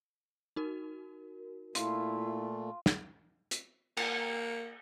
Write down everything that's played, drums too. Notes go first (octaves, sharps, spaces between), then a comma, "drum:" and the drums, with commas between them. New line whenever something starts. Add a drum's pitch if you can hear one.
D#4 F#4 A#4
A#2 A3 E4 F4, drum: hi-hat
drum: snare
drum: hi-hat
A#3, drum: cymbal